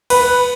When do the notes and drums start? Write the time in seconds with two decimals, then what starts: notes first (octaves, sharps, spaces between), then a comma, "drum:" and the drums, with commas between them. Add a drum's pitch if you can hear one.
0.10 B4, drum: cymbal